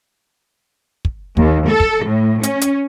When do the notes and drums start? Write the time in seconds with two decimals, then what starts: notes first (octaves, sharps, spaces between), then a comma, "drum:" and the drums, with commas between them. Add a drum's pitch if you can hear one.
1.05 drum: kick
1.37 D#2, drum: kick
1.69 A4
1.80 drum: kick
2.06 A2
2.43 C#4, drum: hi-hat
2.61 drum: hi-hat